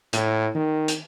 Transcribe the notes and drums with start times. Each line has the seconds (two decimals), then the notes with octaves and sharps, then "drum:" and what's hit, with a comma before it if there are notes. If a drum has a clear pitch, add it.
0.13 A2, drum: hi-hat
0.55 D#3
0.88 drum: hi-hat